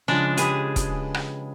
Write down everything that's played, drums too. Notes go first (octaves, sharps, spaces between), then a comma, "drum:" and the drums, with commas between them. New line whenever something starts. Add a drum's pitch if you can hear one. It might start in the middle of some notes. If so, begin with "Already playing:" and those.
C#3 F3 G#3 D4
G4 G#4 B4 D#6, drum: hi-hat
drum: kick E1, hi-hat
drum: rim click